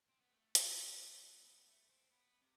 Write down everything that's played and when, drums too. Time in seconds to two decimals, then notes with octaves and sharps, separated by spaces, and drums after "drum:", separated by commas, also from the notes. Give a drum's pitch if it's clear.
0.10 C4
0.21 B3
0.32 A3
0.55 A3, drum: hi-hat
0.78 G3
1.00 A3
1.22 B3
1.44 B3
1.60 B3
1.66 A3
1.89 C4
2.11 B3
2.41 C3